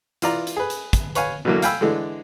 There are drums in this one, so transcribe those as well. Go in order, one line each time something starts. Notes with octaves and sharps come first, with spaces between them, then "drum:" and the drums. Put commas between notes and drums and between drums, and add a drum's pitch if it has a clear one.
E3 F4 D5 A#5, drum: hi-hat
drum: hi-hat
G#4 B4
drum: hi-hat
drum: kick, hi-hat
B4 C#5 F5 G#5, drum: hi-hat
B2 D3 E3 F#3 A3 A#3
F5 G5 G#5 B5 E6, drum: hi-hat
D3 E3 G#3 D4